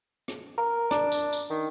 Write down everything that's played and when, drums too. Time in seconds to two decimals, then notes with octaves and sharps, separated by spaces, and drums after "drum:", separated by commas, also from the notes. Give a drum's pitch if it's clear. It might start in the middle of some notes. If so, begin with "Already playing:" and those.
0.28 drum: rim click
0.58 A#4
0.91 D4, drum: rim click
1.12 drum: tambourine
1.33 drum: tambourine
1.50 D#3